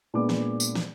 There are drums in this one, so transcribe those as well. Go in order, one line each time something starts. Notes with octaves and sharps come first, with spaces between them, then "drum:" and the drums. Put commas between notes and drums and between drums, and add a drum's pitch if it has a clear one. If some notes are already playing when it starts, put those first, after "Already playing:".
A#2 G#3 B3 D4 D6
drum: snare
drum: tambourine
drum: snare